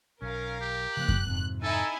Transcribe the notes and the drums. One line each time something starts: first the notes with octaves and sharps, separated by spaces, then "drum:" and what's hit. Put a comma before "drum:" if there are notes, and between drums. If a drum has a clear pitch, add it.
B1 C#4 A#4 F5
G4
C#3 F3 A#3 F#6
drum: kick F#2
F2 G#2 C3
D#4 E4 A4 G#5